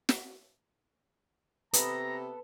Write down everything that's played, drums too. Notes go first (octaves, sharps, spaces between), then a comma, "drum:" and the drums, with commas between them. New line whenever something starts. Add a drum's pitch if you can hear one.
drum: snare
C3 B3 A4 B4 A#5 B5, drum: hi-hat